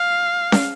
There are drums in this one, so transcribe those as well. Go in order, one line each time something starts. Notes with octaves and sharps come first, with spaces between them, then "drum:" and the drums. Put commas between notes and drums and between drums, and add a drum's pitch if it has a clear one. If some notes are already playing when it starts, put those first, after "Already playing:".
Already playing: F5
drum: snare